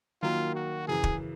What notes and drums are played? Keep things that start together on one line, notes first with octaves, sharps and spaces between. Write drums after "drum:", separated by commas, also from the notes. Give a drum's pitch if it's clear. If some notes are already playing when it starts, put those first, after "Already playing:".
D#3 F#3 A#3 F4
F#4
F#2 C#3 E3 G#4
drum: kick